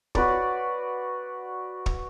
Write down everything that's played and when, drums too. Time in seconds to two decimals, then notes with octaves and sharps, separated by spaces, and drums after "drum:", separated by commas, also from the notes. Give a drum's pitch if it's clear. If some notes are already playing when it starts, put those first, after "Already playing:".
0.15 F#4 B4 D5, drum: kick
1.86 drum: kick